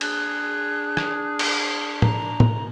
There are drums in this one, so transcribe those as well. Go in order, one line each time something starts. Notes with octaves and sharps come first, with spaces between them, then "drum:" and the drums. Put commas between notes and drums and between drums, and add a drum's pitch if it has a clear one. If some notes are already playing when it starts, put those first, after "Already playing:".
D4 G#4 F#6, drum: cymbal
drum: rim click
drum: cymbal
A#5, drum: tom A2
drum: tom A2